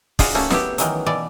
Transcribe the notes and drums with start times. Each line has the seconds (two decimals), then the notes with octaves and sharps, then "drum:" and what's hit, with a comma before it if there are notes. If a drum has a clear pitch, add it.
0.19 D#4 F4 F#4 G#4 C#5 D5, drum: kick, open hi-hat
0.35 A3 A#3 C#4 F#4
0.50 B3 E4 G4, drum: snare
0.78 D#3 E3 F#3, drum: hi-hat
1.06 B2 E3 D5